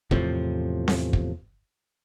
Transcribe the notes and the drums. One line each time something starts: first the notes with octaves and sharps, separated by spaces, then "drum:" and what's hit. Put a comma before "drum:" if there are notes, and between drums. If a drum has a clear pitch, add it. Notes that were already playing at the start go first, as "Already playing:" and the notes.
E2 A2 C3 F3, drum: kick
drum: snare C4
drum: kick